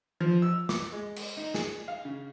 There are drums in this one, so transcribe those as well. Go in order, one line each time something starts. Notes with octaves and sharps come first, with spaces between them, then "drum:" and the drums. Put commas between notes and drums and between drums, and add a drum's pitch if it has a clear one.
F3
E6
D6, drum: snare
G#3
drum: cymbal
D#4
G#4, drum: snare
F5
C#3